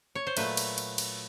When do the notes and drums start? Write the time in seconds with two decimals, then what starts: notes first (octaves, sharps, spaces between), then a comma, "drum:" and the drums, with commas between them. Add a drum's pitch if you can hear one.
0.15 C#5
0.27 C5
0.37 A#2 F#3 A3 B4, drum: cymbal
0.57 drum: cymbal
0.78 drum: cymbal
0.98 drum: cymbal